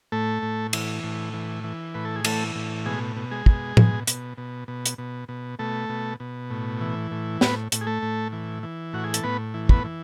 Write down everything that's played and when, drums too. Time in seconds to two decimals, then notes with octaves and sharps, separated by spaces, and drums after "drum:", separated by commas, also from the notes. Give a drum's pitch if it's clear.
0.12 A2 A3 A4
0.42 A2
0.73 E3, drum: cymbal
1.04 A2
1.34 E3
1.64 E3
1.94 A2 B4
2.05 A4
2.16 G#4
2.25 E3 A3 A4, drum: cymbal
2.55 A2
2.86 B2 G#3 G#4
3.16 B2
3.31 G#3 G#4
3.46 B2, drum: kick
3.77 B2, drum: tom A2
4.07 B2, drum: hi-hat
4.38 B2
4.68 B2
4.86 drum: hi-hat
4.98 B2
5.29 B2
5.59 B2 A3 A4
5.89 B2
6.20 B2
6.50 A2
6.81 E3
7.11 A2
7.41 A2 B3 B4, drum: snare
7.72 A2, drum: hi-hat
7.81 G#4
7.87 A3 A4
8.02 A2
8.32 E3
8.63 E3
8.93 A2 F#4
9.04 G#4
9.14 A4, drum: hi-hat
9.23 A2 B3 B4
9.54 E3
9.69 B3 B4, drum: kick
9.84 E3